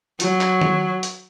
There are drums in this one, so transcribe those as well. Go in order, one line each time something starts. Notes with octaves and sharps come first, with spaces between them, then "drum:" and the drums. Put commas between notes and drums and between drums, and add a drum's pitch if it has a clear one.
F#3, drum: hi-hat
drum: clap
drum: tom D#3
drum: hi-hat